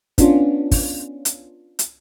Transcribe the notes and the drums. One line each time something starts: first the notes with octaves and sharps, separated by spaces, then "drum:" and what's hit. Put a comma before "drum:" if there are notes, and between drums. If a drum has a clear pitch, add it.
B3 C#4 D4 F4, drum: kick, hi-hat
drum: kick, open hi-hat
drum: hi-hat
drum: hi-hat